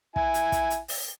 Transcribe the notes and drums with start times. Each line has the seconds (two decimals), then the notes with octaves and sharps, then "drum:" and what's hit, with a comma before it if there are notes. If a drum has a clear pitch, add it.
0.16 E4 G#5, drum: kick
0.34 drum: hi-hat
0.52 drum: kick, hi-hat
0.70 drum: hi-hat
0.88 drum: open hi-hat